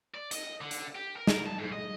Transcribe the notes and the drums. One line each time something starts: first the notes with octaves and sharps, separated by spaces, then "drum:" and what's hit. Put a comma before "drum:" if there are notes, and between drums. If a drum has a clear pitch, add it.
D5
D#5, drum: hi-hat
D3
drum: hi-hat
G4
A#4
drum: snare
A5
G#2
D#5